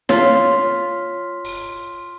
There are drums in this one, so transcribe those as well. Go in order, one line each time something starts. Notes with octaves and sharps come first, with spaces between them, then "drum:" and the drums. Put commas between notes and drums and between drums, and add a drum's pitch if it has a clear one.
F4 C#5 C6 F6 B6, drum: snare
drum: open hi-hat